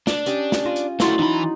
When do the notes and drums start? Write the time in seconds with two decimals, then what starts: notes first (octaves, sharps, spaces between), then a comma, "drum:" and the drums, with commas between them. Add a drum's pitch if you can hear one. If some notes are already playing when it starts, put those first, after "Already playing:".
0.07 D4, drum: snare
0.26 C#4 G4 D#5, drum: hi-hat
0.52 drum: snare
0.65 F4 D#5
0.76 drum: hi-hat
1.00 F#3 A3 E4 F#4 C6 A6, drum: snare
1.19 E3 D#4 B5